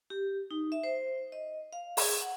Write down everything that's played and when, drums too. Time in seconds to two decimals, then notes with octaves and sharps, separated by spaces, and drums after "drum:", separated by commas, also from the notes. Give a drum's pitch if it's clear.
0.10 G4
0.51 D#4
0.72 E5
0.83 C5
1.32 D#5
1.73 F5
1.97 G#4, drum: open hi-hat
2.22 F#5